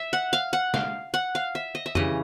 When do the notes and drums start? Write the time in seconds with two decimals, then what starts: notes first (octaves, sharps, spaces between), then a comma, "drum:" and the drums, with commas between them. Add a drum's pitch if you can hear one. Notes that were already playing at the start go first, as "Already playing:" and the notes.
Already playing: E5
0.13 F#5
0.33 F5
0.53 F#5
0.74 F5, drum: snare
1.14 F#5
1.35 F5
1.55 E5
1.75 D#5
1.86 E5
1.95 C#3 E3 G3 D#5, drum: tom F2